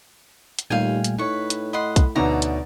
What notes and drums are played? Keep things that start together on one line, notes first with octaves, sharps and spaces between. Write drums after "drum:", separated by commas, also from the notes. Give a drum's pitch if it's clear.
drum: hi-hat
D#2 A#2 G3 A3 F5 G5 G#5
drum: hi-hat
A2 D#4 B4 C#5 C#6
drum: hi-hat
D#5 F#5 B5 C6
drum: kick B1, hi-hat
D2 B2 D3 D#4 C#5 D5 E5 A#5
drum: hi-hat